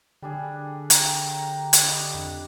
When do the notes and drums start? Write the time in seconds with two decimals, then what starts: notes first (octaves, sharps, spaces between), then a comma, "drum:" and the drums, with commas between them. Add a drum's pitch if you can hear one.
0.22 D3 G3 D4 G#4
0.90 G5 A#5, drum: hi-hat
1.73 drum: hi-hat
1.83 D4 B4 D#5
2.14 F2